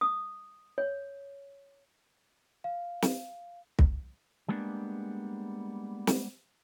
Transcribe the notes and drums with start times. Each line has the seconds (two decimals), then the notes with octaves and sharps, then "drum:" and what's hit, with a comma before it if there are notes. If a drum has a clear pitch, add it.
0.01 D#6
0.78 C#5
2.64 F5
3.02 drum: snare
3.79 drum: kick
4.49 G3 G#3 A#3 B3 C#4 D4
6.07 drum: snare